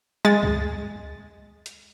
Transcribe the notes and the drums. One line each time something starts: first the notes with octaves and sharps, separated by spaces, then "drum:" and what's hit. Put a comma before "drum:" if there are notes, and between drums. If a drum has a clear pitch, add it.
G#3 A6
drum: kick C#2
drum: hi-hat